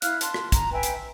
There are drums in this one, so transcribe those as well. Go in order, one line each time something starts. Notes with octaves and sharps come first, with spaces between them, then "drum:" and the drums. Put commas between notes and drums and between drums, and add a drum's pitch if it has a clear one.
E4 F5 F6 F#6, drum: hi-hat
A5 C6, drum: hi-hat
drum: rim click
A#5, drum: kick, hi-hat
B4 E5 G5 G#5
drum: hi-hat
E5